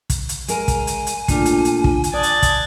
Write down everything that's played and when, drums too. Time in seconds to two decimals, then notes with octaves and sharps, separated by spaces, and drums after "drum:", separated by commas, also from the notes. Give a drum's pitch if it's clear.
0.10 drum: kick, hi-hat
0.29 drum: hi-hat
0.48 G#3 A#4 G#5, drum: hi-hat
0.68 drum: kick, hi-hat
0.87 drum: hi-hat
1.07 drum: hi-hat
1.28 A#2 D3 A3 D4 F4, drum: kick, hi-hat
1.45 drum: hi-hat
1.65 drum: hi-hat
1.84 drum: kick
2.04 drum: hi-hat
2.14 D5 A5 D#6 F#6 G#6 A6
2.23 drum: hi-hat
2.42 drum: kick, hi-hat